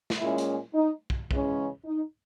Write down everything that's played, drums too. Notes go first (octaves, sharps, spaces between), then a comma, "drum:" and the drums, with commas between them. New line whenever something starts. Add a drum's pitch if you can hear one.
drum: snare
A#2 G#3 C#4 E4
drum: hi-hat
D#4
drum: kick
C#3 E3 G#3 C#4, drum: kick
D#4